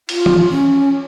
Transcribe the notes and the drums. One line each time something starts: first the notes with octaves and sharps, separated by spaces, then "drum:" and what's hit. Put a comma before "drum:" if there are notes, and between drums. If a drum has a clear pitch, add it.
F4, drum: cymbal
drum: tom
C#4